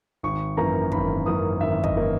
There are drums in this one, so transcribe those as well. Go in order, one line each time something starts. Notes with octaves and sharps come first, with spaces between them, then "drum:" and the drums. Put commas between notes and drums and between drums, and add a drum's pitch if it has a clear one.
G#1 C#6
F#2 E3 A#3 A#5
G#1 B5, drum: kick
F#2 E3 A#3 D#6
G#1 E5
D#5, drum: kick
E3 A#3